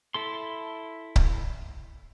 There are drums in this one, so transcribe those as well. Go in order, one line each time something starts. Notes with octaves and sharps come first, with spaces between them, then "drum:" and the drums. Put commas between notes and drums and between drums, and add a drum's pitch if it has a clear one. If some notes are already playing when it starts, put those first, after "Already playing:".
E4 A4 C6
drum: kick C#1